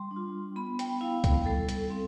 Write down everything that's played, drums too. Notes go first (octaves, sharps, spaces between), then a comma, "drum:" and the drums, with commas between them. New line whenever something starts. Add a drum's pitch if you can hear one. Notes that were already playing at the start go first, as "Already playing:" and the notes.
Already playing: G3 C6
D4
F4
B3 B5
G5, drum: hi-hat
E4 F5
drum: kick C2, hi-hat
G3 A4
drum: hi-hat
C4